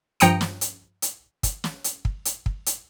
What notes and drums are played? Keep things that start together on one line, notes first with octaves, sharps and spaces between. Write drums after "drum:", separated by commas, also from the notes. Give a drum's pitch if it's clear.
G2 F3 G5 A#5 D#6 C#7, drum: hi-hat
drum: snare
drum: hi-hat
drum: hi-hat
drum: kick, hi-hat
drum: snare
drum: hi-hat
drum: kick
drum: hi-hat
drum: kick
drum: hi-hat